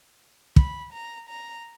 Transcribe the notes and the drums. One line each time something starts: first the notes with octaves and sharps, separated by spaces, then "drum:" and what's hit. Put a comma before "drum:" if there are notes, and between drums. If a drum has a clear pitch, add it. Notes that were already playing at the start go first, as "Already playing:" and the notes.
B5, drum: kick
A#5
A#5